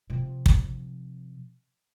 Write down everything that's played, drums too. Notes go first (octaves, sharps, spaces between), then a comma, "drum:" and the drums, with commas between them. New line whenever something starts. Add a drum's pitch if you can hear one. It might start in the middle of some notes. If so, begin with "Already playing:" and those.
C3 F3
drum: kick